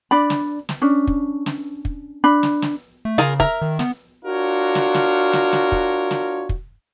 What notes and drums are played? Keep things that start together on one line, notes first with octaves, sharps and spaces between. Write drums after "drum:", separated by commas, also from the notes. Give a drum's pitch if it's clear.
D4 D5 B5
drum: snare
drum: snare
C#4 D4
drum: kick
drum: snare
drum: kick
D4 B5
drum: snare
drum: snare
A3
C#3 F4 G#4 A#4, drum: snare
A#4 E5, drum: kick
D#3
B3, drum: snare
D4 F4 F#4 A#4 C#5
drum: snare
drum: snare
drum: snare
drum: snare
drum: kick
drum: snare
drum: kick